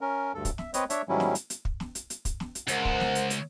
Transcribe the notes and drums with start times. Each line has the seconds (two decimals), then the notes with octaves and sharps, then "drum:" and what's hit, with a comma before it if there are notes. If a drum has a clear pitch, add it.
0.01 C#4 A#4
0.34 D2 G2 A4
0.45 drum: kick, hi-hat
0.58 E5, drum: snare
0.74 C4 B4 C#5 D#5, drum: hi-hat
0.90 D4 C#5 E5, drum: hi-hat
1.09 G#2 D#3 F#3 G3 C#4 E4
1.20 drum: snare
1.35 drum: hi-hat
1.50 drum: hi-hat
1.65 drum: kick
1.80 drum: snare
1.95 drum: hi-hat
2.10 drum: hi-hat
2.25 drum: kick, hi-hat
2.40 drum: snare
2.55 drum: hi-hat
2.68 C#2 A#4 C5 F#5, drum: hi-hat
2.85 drum: kick
3.00 drum: snare
3.15 drum: hi-hat
3.30 drum: hi-hat